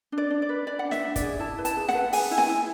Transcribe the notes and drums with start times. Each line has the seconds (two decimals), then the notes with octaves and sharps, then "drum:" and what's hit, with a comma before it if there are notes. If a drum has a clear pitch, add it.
0.12 D4
0.18 D5
0.30 D4
0.42 D5
0.49 B4
0.67 D4 D5
0.79 F#5
0.85 D4
0.91 E5, drum: snare
1.03 D4
1.16 D5, drum: kick, hi-hat
1.22 G#4
1.39 E4 A5
1.58 B4
1.65 A5, drum: hi-hat
1.77 G#4
1.88 F#5, drum: snare
1.94 B4
2.13 G#4 G#5, drum: open hi-hat
2.31 E4
2.38 G#5, drum: snare
2.49 E4